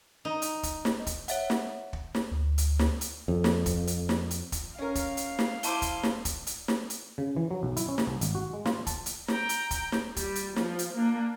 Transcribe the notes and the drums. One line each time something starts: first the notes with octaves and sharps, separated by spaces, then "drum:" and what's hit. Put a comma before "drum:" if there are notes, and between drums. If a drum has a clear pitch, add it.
D#4
drum: hi-hat
drum: kick, hi-hat
drum: snare
drum: kick, hi-hat
C#5 E5 F#5, drum: hi-hat
drum: snare
drum: kick
drum: snare
D2
drum: hi-hat
drum: snare
drum: hi-hat
F2
drum: snare
drum: kick, hi-hat
drum: hi-hat
drum: snare
drum: hi-hat
drum: kick, hi-hat
C#4 A#4 F5
drum: kick, hi-hat
drum: hi-hat
drum: snare
E4 C5 A5 D6 D#7 G7, drum: hi-hat
drum: kick, hi-hat
drum: snare
drum: kick, hi-hat
drum: hi-hat
drum: snare
drum: hi-hat
C#3
E3
F#3
B1
E4, drum: hi-hat
C#4
drum: snare
C2
G#1, drum: hi-hat
F#4
G#3
F4, drum: snare
A5, drum: kick, hi-hat
drum: hi-hat
G5 A#5, drum: snare
drum: hi-hat
drum: kick, hi-hat
drum: snare
G3, drum: kick, hi-hat
drum: hi-hat
F3, drum: snare
drum: hi-hat
A#3 D4